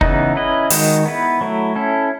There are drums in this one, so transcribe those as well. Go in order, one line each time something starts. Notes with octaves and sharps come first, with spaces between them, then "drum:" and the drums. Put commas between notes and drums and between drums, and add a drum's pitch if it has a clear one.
C#3 E3 B3 D#4, drum: kick
C#4 E4 B4 D#5
D#3 G#3 D#4 F#4, drum: open hi-hat
B3 E4 B4
F#3 A3 E4
C#4 E4 A4